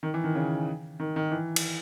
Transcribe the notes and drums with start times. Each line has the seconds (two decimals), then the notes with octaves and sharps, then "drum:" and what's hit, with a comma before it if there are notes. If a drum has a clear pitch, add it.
0.03 D#3
0.14 E3
0.24 D#3
0.35 C#3
1.00 D#3
1.16 D#3
1.32 E3
1.56 drum: cymbal